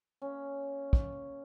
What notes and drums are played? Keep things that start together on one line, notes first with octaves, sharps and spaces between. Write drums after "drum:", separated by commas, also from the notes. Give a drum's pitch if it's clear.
A#3 C#4
drum: kick